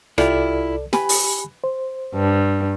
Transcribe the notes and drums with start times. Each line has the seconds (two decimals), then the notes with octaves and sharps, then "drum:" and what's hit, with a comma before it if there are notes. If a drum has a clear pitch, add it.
0.18 C2 E4 F4 G4 A4 D5, drum: rim click
0.93 G4 B4 G#5 B5, drum: snare
1.09 drum: open hi-hat
1.64 C5
2.14 G2